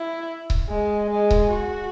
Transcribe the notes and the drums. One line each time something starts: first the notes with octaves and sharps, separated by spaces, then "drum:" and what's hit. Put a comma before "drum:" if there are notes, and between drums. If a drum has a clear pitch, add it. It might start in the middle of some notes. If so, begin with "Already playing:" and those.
Already playing: E4
drum: kick C#1
G#3
G#3
drum: kick C#1
F#4